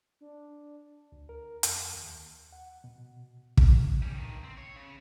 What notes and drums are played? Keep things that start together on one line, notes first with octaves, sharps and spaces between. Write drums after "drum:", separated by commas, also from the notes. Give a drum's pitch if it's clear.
D4
D2
A#4
F2, drum: hi-hat
D#2
F#5
B2
F3, drum: kick
G3 C#4
G2 D#3
C4
C#5
C#3